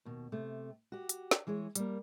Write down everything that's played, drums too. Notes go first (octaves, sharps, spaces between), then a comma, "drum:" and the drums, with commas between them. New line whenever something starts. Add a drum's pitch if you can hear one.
D#2 B2
C3 A3
F#4 G4
drum: hi-hat
drum: snare
E3 G#3 G#4 C#5
G3 A#3, drum: hi-hat